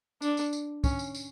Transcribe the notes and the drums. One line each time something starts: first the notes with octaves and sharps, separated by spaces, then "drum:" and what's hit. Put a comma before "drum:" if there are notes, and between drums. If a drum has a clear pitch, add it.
D4, drum: tambourine
drum: tambourine
drum: tambourine
C#4, drum: kick, tambourine
drum: tambourine
drum: tambourine